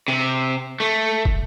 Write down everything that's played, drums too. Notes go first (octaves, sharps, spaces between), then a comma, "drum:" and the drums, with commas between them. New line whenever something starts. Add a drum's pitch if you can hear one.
C3
A3
drum: kick